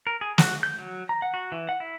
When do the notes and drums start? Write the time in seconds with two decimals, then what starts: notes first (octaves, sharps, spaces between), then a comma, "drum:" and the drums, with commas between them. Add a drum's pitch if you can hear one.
0.07 A#4
0.21 G#4
0.38 F#4, drum: snare
0.63 G6
0.79 F#3
1.09 A#5
1.22 F#5
1.34 F#4
1.52 E3
1.69 F#5
1.80 E4